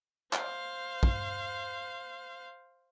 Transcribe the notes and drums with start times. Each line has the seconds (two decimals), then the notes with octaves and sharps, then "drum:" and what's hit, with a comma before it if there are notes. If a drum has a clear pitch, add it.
0.33 C5 F5, drum: clap
1.03 drum: kick